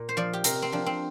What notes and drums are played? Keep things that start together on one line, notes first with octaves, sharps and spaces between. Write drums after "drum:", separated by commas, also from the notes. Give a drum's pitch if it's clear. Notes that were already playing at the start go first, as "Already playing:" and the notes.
Already playing: A#2
C5
F3 D5
G4
C3 A#4, drum: hi-hat
C4
F3 D4
C4